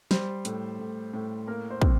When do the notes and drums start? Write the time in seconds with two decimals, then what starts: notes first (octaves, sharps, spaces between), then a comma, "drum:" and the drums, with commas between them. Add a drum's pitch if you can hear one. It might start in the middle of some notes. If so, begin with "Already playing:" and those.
0.11 G3 C5, drum: snare
0.45 A2, drum: hi-hat
0.79 A2
1.13 A2
1.47 A#3 A#4
1.70 C5
1.81 C3, drum: kick